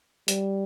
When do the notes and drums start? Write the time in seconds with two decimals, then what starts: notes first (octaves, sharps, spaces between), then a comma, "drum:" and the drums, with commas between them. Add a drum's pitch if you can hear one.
0.28 G3, drum: hi-hat